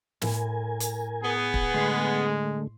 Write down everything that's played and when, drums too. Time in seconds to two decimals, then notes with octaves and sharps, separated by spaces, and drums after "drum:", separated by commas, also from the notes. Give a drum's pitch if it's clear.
0.22 A2 A#4 G#5, drum: snare
0.80 drum: hi-hat
1.23 B3 G#4
1.54 drum: kick
1.74 D3 G#3 A3 C6 B6 C7